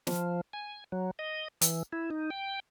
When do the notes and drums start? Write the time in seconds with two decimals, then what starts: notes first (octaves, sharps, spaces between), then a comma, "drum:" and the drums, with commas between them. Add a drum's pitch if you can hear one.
0.07 F3, drum: snare
0.53 G#5
0.92 F#3
1.19 D#5
1.61 E3, drum: hi-hat
1.93 E4
2.11 D#4
2.30 G5